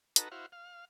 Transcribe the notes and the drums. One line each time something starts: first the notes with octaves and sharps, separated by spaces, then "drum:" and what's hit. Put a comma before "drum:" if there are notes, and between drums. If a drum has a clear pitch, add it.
D#4 F#4 A4 B4 A#5, drum: hi-hat
E4 F#4 C5 F5
F5